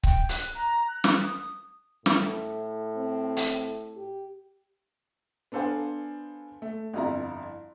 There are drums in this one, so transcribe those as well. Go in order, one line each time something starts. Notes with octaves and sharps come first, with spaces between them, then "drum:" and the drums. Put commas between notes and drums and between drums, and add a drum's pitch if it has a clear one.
G5, drum: kick C#1
F#6, drum: hi-hat
A#5
F#6
drum: snare
D#6
A2, drum: snare
C4
drum: hi-hat
G4
B3 D4 A4 C5 F5 G#5
A3
G1 F2 E4 F4 A#5